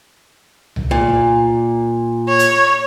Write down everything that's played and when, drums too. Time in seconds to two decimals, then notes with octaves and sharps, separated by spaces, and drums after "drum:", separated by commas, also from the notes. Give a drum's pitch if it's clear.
0.76 drum: tom C2
0.91 A#2
2.28 C#5
2.39 drum: hi-hat